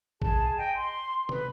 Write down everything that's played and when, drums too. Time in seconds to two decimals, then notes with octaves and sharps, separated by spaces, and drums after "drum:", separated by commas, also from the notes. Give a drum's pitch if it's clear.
0.22 G#4 A5, drum: kick A1
0.56 D#5 G5 G#5
0.74 C6
1.29 B4, drum: tom